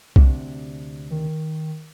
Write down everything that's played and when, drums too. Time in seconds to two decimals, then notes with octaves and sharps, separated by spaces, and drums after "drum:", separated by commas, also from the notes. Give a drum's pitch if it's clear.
0.16 D2 C3 D4, drum: kick C2
1.10 D#3